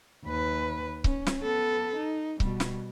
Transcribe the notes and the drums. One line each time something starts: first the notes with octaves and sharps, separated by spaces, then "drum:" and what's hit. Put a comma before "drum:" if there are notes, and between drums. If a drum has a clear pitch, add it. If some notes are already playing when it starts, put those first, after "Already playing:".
D#2 B4
C#4, drum: kick C#1
drum: snare
B3 A4
D#4
B2 G3, drum: kick C#1
drum: snare